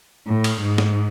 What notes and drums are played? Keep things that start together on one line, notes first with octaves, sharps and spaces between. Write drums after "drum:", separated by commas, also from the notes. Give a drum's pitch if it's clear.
A2
drum: cymbal
G#2
drum: snare